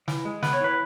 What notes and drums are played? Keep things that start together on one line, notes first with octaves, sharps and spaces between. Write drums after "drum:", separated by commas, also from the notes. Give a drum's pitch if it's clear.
E3, drum: snare
G#3
B3 B4, drum: snare
C#5
E3 B4